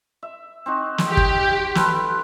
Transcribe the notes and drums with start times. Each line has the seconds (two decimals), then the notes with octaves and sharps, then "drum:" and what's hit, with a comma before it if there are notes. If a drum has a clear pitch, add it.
0.23 E5
0.66 C4 D#4 F#4
0.98 drum: snare
1.07 G4
1.17 drum: kick
1.75 F4 A4 B4, drum: snare